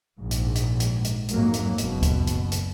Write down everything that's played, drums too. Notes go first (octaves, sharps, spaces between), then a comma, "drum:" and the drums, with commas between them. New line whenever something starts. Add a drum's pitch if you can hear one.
A#1 G#2
drum: hi-hat
drum: hi-hat
drum: hi-hat
drum: hi-hat
F2 G#2 F#3 A#3, drum: hi-hat
drum: hi-hat
F#1 B2, drum: hi-hat
drum: kick, hi-hat
drum: hi-hat
drum: hi-hat